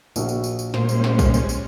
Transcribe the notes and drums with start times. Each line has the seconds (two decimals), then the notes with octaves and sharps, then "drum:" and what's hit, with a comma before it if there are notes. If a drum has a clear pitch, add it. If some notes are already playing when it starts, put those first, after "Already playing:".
0.16 A#1 F#4, drum: tambourine
0.29 drum: tambourine
0.44 drum: tambourine
0.59 drum: tambourine
0.74 A#2 G3 G#3 C#4 C5, drum: snare
0.89 drum: tambourine
1.04 drum: snare
1.19 drum: kick, tambourine
1.34 drum: tambourine
1.49 drum: tambourine